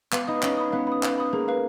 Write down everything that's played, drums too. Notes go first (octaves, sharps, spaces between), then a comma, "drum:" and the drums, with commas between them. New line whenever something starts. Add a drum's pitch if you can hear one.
B3 F5, drum: clap
D#4 B5 D#6
C#4 F5, drum: clap
B5 D#6
B3 F5
B5 D#6
F5, drum: clap
B5 D#6
A#3 G#4
B4 F5